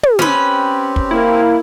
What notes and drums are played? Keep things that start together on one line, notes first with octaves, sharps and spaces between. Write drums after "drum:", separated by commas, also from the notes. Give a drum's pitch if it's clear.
drum: tom
C4 C#4 G4 B4, drum: snare
drum: kick
A#3 E4